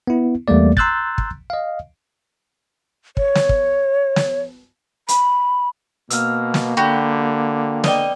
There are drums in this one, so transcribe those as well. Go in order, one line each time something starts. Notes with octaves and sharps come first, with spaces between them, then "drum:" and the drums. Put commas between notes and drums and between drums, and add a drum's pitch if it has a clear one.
B3 E4
E2 G3 A3 A#3 D5
A#5 C6 E6 F#6 G6 A6, drum: kick
drum: kick
D#5 F5
C#5, drum: kick
drum: snare
drum: kick
drum: snare
B5, drum: hi-hat
B2 A#3 E6 F6, drum: hi-hat
drum: snare
D3 F#4 G4 B5
B4 D5 D#5 G5, drum: snare